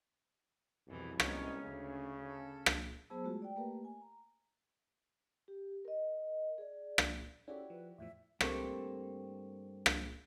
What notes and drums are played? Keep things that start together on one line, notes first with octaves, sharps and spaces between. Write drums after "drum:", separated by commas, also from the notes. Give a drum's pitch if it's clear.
C2 F2 B2 E3
G#3 B3 C#4 D#4 C#5, drum: rim click
D2 C#3
A4
drum: rim click
F#3 B3 G#4 C5 A5 E6
G#3 A3 F4 F#4 G#4
D5 G5
A3 A#3 G4 A#4 B4
G#5
A#5
G4
A#4 D#5
G#4 D5
drum: rim click
C#4 E4 F#4 G4 A4 D5
F3 B4
E2 A2 F3 E5
G2 A3 A#3 C4, drum: rim click
drum: rim click